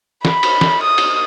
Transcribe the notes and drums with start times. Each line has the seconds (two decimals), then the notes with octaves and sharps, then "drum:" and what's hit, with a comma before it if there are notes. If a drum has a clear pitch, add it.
0.25 B5, drum: snare
0.43 drum: cymbal
0.61 drum: snare
0.83 D#6
0.98 drum: cymbal